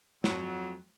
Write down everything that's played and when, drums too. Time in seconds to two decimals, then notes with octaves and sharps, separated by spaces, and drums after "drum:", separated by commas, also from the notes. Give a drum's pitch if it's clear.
0.24 F2 F#3, drum: snare